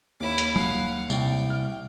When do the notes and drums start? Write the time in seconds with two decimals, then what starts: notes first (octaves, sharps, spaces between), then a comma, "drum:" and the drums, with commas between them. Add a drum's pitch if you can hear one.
0.20 D#2 E4 C#5 D6
0.38 drum: hi-hat
0.56 F5 F#5, drum: tom F#3
1.10 C2 G5, drum: tambourine
1.50 F6